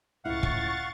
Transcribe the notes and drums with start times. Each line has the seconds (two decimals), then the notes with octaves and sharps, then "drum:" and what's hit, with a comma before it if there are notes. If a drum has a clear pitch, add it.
0.25 C#2 A2 A#3 E4 F5 F#5 C#6 A6
0.43 drum: kick